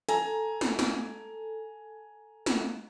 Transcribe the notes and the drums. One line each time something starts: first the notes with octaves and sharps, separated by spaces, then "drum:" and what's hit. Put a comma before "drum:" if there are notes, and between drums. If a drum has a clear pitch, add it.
A4 G#5 A#5, drum: hi-hat
drum: snare
drum: snare
drum: snare